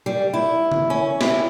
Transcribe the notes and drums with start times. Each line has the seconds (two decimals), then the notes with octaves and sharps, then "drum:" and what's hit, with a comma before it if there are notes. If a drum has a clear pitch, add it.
0.06 G3
0.34 E4
0.72 drum: tom C#3
0.90 C#4
1.21 E4, drum: snare